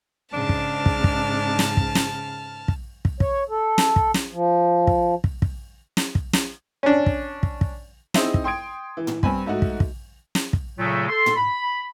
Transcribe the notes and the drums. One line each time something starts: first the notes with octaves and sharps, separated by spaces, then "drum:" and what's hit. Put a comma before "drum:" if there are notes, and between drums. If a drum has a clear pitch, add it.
G#2 C#3 D4 A5 F6
drum: kick
drum: kick
drum: kick
drum: snare
drum: kick
drum: snare
drum: kick
drum: kick
C#5, drum: kick
A4
drum: snare
drum: kick
drum: snare
F3
drum: kick
drum: kick
drum: kick
drum: snare
drum: kick
drum: snare
C#4 D4
drum: kick
drum: kick
drum: kick
C4 D#4 E4 G#4 C5 D#5, drum: snare
drum: kick
G5 C6 D#6 G#6 D7
E3
drum: tom
G2 C4 G#5 B5, drum: kick
G#2 A3 D#4 F#4
drum: kick
drum: kick
drum: snare
drum: kick
A#2 C#3 F#3 G#3 A3
A4 C6
drum: tom
B5